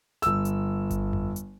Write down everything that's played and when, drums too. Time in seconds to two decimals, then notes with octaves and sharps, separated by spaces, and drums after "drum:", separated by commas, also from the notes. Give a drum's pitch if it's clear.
0.22 G1 E6, drum: snare
0.45 drum: hi-hat
0.90 drum: kick G1, hi-hat
1.13 drum: tom F2
1.36 drum: hi-hat